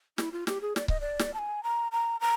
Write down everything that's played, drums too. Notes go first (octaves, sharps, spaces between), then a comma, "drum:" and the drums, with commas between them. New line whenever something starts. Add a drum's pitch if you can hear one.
E4, drum: snare
F4
G4, drum: snare
G#4
D5, drum: snare
D#5, drum: kick C#1
D5
drum: snare
A5
G#5
A#5
A#5
A#5